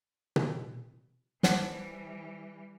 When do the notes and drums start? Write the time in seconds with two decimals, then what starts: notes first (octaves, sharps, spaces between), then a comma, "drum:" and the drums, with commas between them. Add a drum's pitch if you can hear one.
0.36 drum: tom B2
1.43 E3 G3 C5 F#5 A5, drum: snare